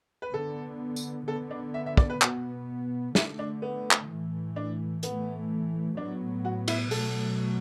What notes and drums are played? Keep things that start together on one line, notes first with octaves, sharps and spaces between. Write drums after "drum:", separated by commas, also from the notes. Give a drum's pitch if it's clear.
B4
D3 B3 A4
drum: tambourine
D3 B3 A4
D4
E5
E5
D5, drum: kick
B4
B2 B3 F#4, drum: clap
D3 A3 E4, drum: snare
D4
B3
drum: clap
A2 E3 A3
D4
A2 E3 A3 B3, drum: hi-hat
A2 F#3 B3 D4
F#4
E4, drum: cymbal
B2 F#3 A3 A4, drum: open hi-hat